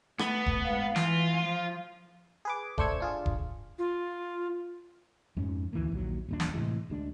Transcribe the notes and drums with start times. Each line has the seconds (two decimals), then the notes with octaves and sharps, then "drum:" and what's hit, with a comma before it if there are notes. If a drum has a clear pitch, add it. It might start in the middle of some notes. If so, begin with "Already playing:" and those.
0.19 A3 B3, drum: rim click
0.46 drum: kick E1
0.64 G#2 F5
0.96 E3 F4, drum: snare
1.44 F3
2.45 G#4 B4 D6
2.78 A3 D4 C5 C#6 E6 G#6, drum: kick E1
3.00 D4 F4 G#4
3.26 drum: kick E1
3.79 F4
5.37 F2 G#2 C#4
5.73 D2 E3 A#3
5.92 A#1 D#2 F#3
6.29 D#1 A#2 D4
6.40 drum: snare
6.54 A2 C3 E3 G#3
6.90 D2 G#3 D4